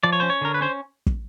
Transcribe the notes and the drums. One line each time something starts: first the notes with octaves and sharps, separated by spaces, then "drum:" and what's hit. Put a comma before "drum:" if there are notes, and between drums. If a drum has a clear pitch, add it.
F3 D5
C#5
C#4 C5
C#5
D3 A#4
B4
C#4 C5
drum: kick